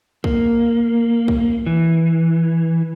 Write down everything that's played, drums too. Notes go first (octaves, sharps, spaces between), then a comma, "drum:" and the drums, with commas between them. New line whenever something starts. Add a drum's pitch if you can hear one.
A#3, drum: kick
drum: kick
E3